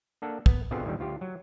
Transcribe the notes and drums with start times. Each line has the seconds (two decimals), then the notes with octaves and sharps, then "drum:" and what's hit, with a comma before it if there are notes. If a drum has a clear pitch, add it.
0.22 A#3 D4 A4 F#5
0.46 B3, drum: kick
0.71 B2 D3 B3 C4 F4 G#4
0.85 D#2 A#2 D3 D#3 G3
0.99 D2 F4 G4
1.21 F#3